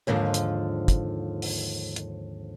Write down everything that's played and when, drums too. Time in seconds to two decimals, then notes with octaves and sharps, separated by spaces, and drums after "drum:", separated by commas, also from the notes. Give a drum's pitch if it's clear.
0.07 D#2 G#2 D3 F3
0.34 drum: hi-hat
0.88 drum: kick, hi-hat
1.42 drum: open hi-hat
1.96 drum: hi-hat